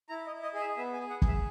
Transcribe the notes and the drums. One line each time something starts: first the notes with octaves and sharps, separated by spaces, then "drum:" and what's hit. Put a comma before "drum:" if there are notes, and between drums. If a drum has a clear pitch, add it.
E4 A#5
D#5
E4
D#5
G#4 D#5
E5
B3 E5
G#5
G#4
F#5
G#4, drum: kick
E5